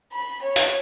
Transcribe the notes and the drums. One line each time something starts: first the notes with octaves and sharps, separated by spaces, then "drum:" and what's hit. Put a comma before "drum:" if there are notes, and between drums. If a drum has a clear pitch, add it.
B5
C#5
drum: hi-hat